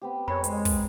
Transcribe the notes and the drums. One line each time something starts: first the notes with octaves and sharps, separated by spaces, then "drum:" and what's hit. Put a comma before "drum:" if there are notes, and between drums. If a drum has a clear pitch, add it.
B3 C4 G4
F2 A#4 C#5 G#5 B5
G#3 C5, drum: hi-hat
drum: kick, open hi-hat